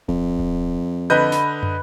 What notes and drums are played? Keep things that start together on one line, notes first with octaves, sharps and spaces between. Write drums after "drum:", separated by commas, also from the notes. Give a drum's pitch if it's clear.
F2, drum: kick D1
drum: kick D1
D3 B4 D#5 B5 G6
drum: snare
drum: tom